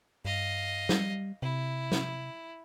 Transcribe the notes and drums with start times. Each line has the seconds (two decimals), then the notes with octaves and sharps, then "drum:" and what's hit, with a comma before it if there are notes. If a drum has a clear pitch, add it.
0.25 G2 D#5 F5
0.89 G3, drum: snare
1.42 C3 E4
1.92 drum: snare